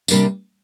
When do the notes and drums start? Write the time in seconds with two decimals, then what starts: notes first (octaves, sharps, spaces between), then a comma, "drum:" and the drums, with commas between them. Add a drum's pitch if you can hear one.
0.08 C3 G3 A#3 D4, drum: tambourine